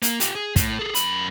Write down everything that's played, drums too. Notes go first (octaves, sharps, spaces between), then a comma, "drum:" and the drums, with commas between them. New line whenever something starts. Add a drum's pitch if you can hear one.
A#3, drum: hi-hat
F4 G4, drum: hi-hat
G#4
A2, drum: kick, hi-hat
G#4 A4
F#2 B5, drum: hi-hat